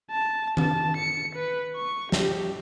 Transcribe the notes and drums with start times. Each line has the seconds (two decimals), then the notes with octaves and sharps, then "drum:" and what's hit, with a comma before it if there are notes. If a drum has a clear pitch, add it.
0.11 A5
0.57 A5, drum: tom D#3
0.97 C#7
1.35 B4
1.76 C#6
2.12 G4, drum: snare